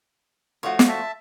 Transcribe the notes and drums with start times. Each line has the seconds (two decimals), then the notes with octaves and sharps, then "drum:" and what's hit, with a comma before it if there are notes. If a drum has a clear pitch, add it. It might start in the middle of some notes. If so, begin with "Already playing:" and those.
0.63 F3 A3 F4 F#4 C#5
0.79 drum: snare
0.88 E5 A5